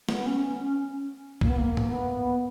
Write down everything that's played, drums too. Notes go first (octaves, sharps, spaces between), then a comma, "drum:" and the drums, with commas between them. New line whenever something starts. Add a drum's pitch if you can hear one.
B3, drum: snare
C#4
C#4
A#3, drum: kick B1
B3
A#3
drum: tom G2
B3